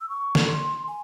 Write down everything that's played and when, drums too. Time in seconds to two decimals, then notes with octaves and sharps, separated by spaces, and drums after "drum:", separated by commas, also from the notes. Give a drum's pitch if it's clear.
0.01 E6
0.09 C#6
0.35 drum: snare
0.48 C6
0.88 G#5